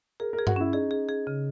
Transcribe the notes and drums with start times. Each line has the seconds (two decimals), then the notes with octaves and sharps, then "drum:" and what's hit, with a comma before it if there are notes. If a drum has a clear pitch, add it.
0.20 G#4 A#4
0.33 A#4
0.39 G#4
0.47 F#4, drum: tom G2
0.56 C#4 E4
0.73 D#4 G#4
0.91 G#4
1.09 G#4
1.27 C#3